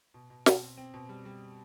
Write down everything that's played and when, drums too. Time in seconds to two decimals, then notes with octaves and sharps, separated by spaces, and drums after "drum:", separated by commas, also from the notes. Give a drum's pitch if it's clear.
0.14 B2
0.30 B2
0.46 B2, drum: snare
0.62 C4
0.77 C4
0.94 B2
1.09 G3
1.25 G3